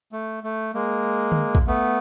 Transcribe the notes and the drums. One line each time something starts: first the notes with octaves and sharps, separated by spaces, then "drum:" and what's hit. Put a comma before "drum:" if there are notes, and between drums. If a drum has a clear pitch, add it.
A3
A3
G#3 A#3
drum: tom D3
drum: kick
A3 B3